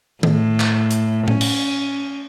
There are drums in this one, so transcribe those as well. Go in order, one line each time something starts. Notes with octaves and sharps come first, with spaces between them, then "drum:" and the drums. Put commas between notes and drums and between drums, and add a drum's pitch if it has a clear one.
A2, drum: tom D#3
drum: clap
drum: hi-hat
C#4, drum: tom A2
drum: cymbal